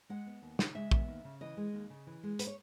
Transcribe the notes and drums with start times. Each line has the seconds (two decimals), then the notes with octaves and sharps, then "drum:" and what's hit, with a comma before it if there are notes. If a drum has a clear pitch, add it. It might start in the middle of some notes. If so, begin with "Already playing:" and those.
0.09 G#3 F#5
0.27 B3
0.42 D#2
0.59 C#3, drum: snare
0.75 G#3 E5
0.91 B3, drum: kick
1.08 D#2
1.25 C#3
1.41 E3 D#5
1.57 G#3
1.73 D#2
1.90 C#3
2.07 E3
2.23 G#3
2.39 B4, drum: hi-hat
2.47 C#5